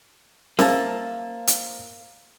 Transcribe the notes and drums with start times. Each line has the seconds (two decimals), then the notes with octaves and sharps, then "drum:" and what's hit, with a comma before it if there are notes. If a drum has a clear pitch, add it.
0.59 A#3 C5 E5 F5 A5, drum: snare C#4
1.47 drum: hi-hat